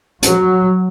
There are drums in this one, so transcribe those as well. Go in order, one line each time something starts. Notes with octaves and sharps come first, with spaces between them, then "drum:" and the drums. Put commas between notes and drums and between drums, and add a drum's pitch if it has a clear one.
F#3, drum: hi-hat